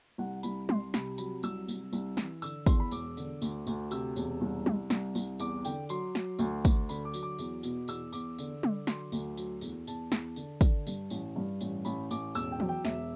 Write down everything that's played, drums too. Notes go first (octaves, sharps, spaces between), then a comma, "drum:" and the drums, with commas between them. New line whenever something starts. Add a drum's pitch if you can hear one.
C2 F#5
C2 B5, drum: tambourine
C2 C6, drum: tom G3
C3 B5, drum: snare
F#3 B5, drum: tambourine
C2 E6, drum: tambourine
C2, drum: tambourine
C2, drum: tambourine
E3, drum: snare
D3 E6, drum: tambourine
E2 C6, drum: kick, tambourine
B5
E1 D6, drum: tambourine
D3, drum: tambourine
D2, drum: tambourine
D2, drum: tambourine
C3 E6, drum: tambourine
E1, drum: tambourine
C2
C2, drum: tom G3
C2, drum: snare
C2, drum: tambourine
E2 D6, drum: tambourine
D3 G5, drum: tambourine
F#3 C6, drum: tambourine
F#3, drum: snare
D2, drum: tambourine
D2, drum: kick, tambourine
D3 B5, drum: tambourine
D6
F#3, drum: tambourine
D6
E2, drum: tambourine
B2, drum: tambourine
E2 E6, drum: tambourine
E2 D6, drum: tambourine
D3, drum: tambourine
D3, drum: tom G3
F#3 C6, drum: snare
D2, drum: tambourine
F#3, drum: tambourine
E2, drum: tambourine
E2 A5, drum: tambourine
E2, drum: snare
D3, drum: tambourine
D3, drum: kick, tambourine
G2, drum: tambourine
A1, drum: tambourine
G2
A1, drum: tambourine
A1 B5, drum: tambourine
A1 D6, drum: tambourine
E1 E6, drum: tambourine
G5
F#3, drum: tom E3
G5
E1 E5, drum: snare